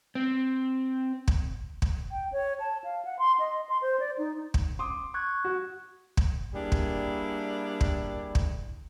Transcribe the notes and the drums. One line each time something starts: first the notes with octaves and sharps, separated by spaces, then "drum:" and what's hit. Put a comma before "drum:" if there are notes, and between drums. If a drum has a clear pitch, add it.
C4
drum: kick
drum: kick
G5
C#5
A5
F5
F#5
C6
D#5
C6
C5
D5
D#4
drum: kick
C6 D6 D#6
C#6 F#6 G#6
F#4
drum: kick
G3 A#3 D4 E4 G#4
drum: kick
drum: kick
drum: kick